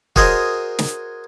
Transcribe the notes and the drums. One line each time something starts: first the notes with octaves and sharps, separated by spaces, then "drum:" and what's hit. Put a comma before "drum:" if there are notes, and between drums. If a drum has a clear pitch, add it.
F#4 G#4 A#4 C5 C#5 D#5, drum: kick
drum: snare